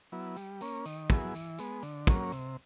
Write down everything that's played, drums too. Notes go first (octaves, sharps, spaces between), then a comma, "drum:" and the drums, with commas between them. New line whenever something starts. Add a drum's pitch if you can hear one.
F#3 B3 E4
G3, drum: tambourine
A#3 C#4, drum: tambourine
D#3, drum: tambourine
F#3 B3 E4 G#4, drum: kick, tambourine
E3, drum: tambourine
G#3 B3, drum: tambourine
D3, drum: tambourine
F#3 A#3 C#4, drum: kick, tambourine
C3, drum: tambourine